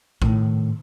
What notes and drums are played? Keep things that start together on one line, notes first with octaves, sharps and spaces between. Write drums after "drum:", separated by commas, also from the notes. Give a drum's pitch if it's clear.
A2 D#3, drum: kick A1